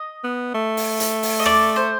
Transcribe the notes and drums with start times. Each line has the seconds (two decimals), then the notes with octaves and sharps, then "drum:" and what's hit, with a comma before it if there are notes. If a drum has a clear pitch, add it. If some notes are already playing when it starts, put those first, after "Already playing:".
Already playing: D#5
0.24 B3
0.54 A3
0.77 drum: open hi-hat
1.00 drum: hi-hat
1.23 drum: open hi-hat
1.39 D#5
1.46 D5, drum: rim click
1.76 C5